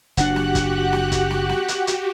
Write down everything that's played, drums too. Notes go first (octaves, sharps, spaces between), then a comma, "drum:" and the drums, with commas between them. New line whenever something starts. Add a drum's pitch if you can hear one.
F#1 A#2 D4 F#4 G4 F#5 F#6, drum: hi-hat
drum: snare
drum: kick, hi-hat
drum: snare
drum: kick, hi-hat
drum: snare
drum: snare
drum: hi-hat
drum: hi-hat